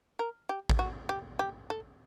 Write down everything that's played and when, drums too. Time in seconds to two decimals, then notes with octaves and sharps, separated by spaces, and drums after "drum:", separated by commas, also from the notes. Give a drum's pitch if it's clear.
0.19 A#4
0.49 G4
0.69 drum: kick
0.79 F#4
1.09 G4
1.39 G4
1.70 A4